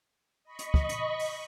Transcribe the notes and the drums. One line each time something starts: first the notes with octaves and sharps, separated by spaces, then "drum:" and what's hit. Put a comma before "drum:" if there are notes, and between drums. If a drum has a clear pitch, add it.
D#5 B5 C#6
drum: hi-hat
drum: kick
drum: hi-hat
drum: open hi-hat